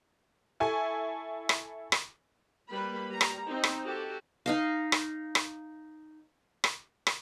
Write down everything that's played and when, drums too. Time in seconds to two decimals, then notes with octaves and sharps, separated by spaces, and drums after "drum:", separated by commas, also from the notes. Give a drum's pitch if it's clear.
0.60 E4 A4 G#5 C#6
1.49 drum: rim click
1.92 drum: rim click
2.70 G3 A#3 B4 B5
3.11 G3 A#5
3.21 drum: rim click
3.47 C4 D#4
3.64 drum: rim click
3.85 F#4 G4 A4
4.46 D#4 D#5 F5
4.92 drum: rim click
5.35 drum: rim click
6.64 drum: rim click
7.07 drum: rim click